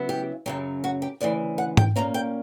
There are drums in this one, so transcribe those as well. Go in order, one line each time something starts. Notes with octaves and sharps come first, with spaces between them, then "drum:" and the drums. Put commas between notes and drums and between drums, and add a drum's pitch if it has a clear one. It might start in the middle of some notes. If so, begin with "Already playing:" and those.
Already playing: C#3 F#3 B3 E4
G4
F#2 C#3 F#3 G4
F#4
G4
D2 C#3 E3 D5
F#5
G5, drum: tom G#2
A#2 A#3 C#4 A#5
G5